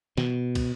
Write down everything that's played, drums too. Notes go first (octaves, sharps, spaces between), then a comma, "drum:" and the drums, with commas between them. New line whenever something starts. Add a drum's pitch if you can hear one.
B2, drum: snare
drum: kick, cymbal